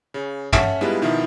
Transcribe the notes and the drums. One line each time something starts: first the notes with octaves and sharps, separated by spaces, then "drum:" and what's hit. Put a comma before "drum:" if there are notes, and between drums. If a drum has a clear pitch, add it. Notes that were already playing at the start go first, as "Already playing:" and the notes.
C#3
C#4 A4 E5 F#5 A5, drum: tom
G3 G#3 B3 D4 E4 F4
B2 D#3 F3 E4